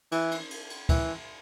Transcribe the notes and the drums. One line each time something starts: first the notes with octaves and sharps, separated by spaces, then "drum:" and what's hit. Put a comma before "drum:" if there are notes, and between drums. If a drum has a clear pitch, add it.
E3, drum: cymbal
drum: cymbal
drum: cymbal
drum: cymbal
E3, drum: kick C#2, cymbal